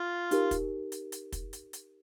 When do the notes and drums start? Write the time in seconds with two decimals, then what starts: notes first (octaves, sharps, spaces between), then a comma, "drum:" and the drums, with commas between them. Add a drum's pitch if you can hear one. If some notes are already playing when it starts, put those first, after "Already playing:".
Already playing: F4
0.31 D#4 G4 A#4, drum: hi-hat
0.51 drum: kick, hi-hat
0.92 drum: hi-hat
1.12 drum: hi-hat
1.32 drum: kick, hi-hat
1.53 drum: hi-hat
1.73 drum: hi-hat